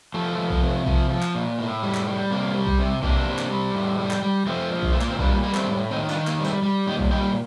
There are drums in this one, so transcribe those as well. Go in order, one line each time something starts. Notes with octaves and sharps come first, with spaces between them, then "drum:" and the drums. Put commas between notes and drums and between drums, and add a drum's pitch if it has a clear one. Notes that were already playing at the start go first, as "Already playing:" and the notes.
F3 A3
F3
drum: kick B1
C3
F3, drum: kick B1
F3
drum: clap
A#2
A2
G3
drum: clap
G3
C3 A#3
G3
drum: kick B1
C3
C3 A#3 D4, drum: kick B1
C3
drum: clap
G3
A2
G3
drum: clap
G3
F3 A3 C4
A#2
drum: kick B1
A#2 A3
A#3, drum: clap
C4
G3 A#3 D4, drum: kick B1
G3 A#3
A3 C4, drum: clap
A2
D#3 C4 D#4
D4 F4, drum: tambourine
D#3
A#3, drum: clap
G3
A3 C4, drum: tambourine
G3
A#2 D#4 G4
drum: kick B1
G3 D#4 G4